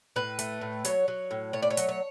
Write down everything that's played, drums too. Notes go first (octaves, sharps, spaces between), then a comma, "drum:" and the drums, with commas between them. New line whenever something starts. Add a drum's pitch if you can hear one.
A2 B4
A3, drum: hi-hat
A2
F#3 C#5, drum: hi-hat
F#3
A2
A3 C#5
D5
C#5
F#3, drum: hi-hat
C#5